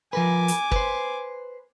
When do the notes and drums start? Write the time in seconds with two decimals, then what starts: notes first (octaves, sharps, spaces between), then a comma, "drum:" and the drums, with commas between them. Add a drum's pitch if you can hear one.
0.13 F3 A#4 B4 G#5 D6
0.48 drum: hi-hat
0.72 B4 C5, drum: kick